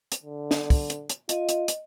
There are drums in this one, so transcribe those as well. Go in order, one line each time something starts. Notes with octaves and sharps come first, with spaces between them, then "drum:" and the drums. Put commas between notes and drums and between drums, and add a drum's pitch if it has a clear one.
drum: hi-hat
D3
drum: snare
drum: kick, open hi-hat
drum: hi-hat
drum: hi-hat
F4 D#5, drum: hi-hat
drum: hi-hat
drum: hi-hat